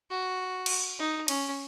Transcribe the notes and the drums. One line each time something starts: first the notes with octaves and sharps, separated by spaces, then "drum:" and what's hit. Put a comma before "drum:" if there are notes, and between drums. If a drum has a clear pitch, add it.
F#4
drum: cymbal
D#4
C#4, drum: cymbal